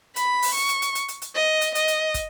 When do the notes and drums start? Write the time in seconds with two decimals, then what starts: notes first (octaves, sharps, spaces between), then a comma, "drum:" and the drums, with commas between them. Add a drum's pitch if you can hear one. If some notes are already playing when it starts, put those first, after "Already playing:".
0.16 B5, drum: hi-hat
0.42 drum: open hi-hat
0.55 C#6
0.69 drum: hi-hat
0.82 drum: hi-hat
0.95 drum: hi-hat
1.09 drum: hi-hat
1.22 drum: hi-hat
1.35 D#5
1.61 drum: hi-hat
1.75 D#5, drum: hi-hat
1.88 drum: hi-hat
2.14 drum: kick, hi-hat